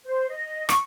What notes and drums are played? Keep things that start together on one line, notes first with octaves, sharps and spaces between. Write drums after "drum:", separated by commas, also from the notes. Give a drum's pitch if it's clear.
C5
D#5
C#6, drum: rim click